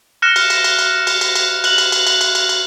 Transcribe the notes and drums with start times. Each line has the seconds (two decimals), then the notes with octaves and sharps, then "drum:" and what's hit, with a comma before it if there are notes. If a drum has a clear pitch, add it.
0.22 F6 F#6 A#6 C#7 E7
0.36 drum: cymbal
0.50 drum: cymbal
0.64 drum: cymbal
0.79 drum: cymbal
1.07 drum: cymbal
1.21 drum: cymbal
1.35 drum: cymbal
1.64 F#6 F#7, drum: cymbal
1.78 drum: cymbal
1.92 drum: cymbal
2.07 drum: cymbal
2.21 drum: cymbal
2.35 drum: cymbal
2.49 drum: cymbal